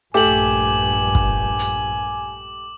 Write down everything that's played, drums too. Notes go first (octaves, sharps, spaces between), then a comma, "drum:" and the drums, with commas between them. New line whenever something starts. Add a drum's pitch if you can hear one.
A#1 G2 A3 G4 G#5 D6 F#7
drum: kick
drum: hi-hat